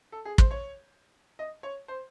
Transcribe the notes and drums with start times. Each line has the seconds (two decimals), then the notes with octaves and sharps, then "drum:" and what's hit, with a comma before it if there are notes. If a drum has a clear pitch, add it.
0.12 A4
0.25 G#4
0.38 C5, drum: kick
0.51 C#5
1.39 D#5
1.63 C#5
1.88 C5